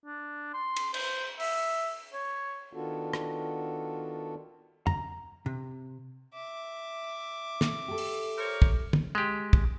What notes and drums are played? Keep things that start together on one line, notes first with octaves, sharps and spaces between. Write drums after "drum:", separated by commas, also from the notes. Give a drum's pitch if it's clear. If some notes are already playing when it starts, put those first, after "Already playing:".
D4
C6
drum: cymbal
C5, drum: cymbal
E5, drum: open hi-hat
C#5
D#3 B3 D4 F4 F#4 A4
drum: rim click
A#5, drum: tom
C3
E5 D6
drum: snare
G4 A4
drum: open hi-hat
A#4 C5 C#5
drum: kick
drum: tom
G#3 G4
drum: kick